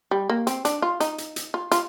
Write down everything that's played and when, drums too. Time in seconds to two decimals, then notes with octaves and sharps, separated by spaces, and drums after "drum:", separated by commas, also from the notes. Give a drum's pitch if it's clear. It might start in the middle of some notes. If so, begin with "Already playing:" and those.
0.11 G3
0.29 A#3
0.47 C4, drum: hi-hat
0.65 D4, drum: hi-hat
0.82 F4
1.00 D#4, drum: hi-hat
1.18 drum: hi-hat
1.36 drum: hi-hat
1.54 F4
1.72 F4, drum: hi-hat